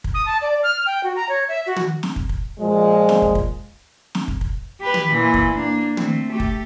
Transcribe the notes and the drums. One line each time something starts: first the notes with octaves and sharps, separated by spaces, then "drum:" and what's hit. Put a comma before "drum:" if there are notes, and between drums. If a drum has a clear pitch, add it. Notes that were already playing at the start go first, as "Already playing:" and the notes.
drum: kick
D#6
A5
D5
F6
G5
F#4
A#5
C#5
E5
F#4
drum: tom
drum: snare
drum: kick
drum: kick
A#2 F3 G#3
drum: snare
drum: kick
drum: kick
drum: snare
drum: kick
drum: kick
G4 B4
drum: tom
A#2 E3
drum: kick
A#3 D4
A3 C4, drum: tom
A3 G4
drum: kick